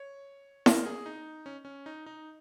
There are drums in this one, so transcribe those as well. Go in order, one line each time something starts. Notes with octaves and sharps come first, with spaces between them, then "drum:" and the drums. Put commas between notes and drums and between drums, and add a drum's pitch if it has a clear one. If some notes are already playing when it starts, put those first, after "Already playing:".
Already playing: C#5
A#4, drum: snare E4
G#4
D#4
C#4
C#4
D#4
D#4